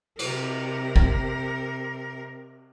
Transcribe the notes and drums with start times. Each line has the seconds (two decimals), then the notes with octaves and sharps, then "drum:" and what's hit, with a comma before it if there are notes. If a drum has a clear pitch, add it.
0.19 C3 A#4, drum: cymbal
0.96 drum: kick